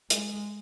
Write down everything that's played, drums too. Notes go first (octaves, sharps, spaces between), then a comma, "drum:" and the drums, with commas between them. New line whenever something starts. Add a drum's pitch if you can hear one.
G#3, drum: hi-hat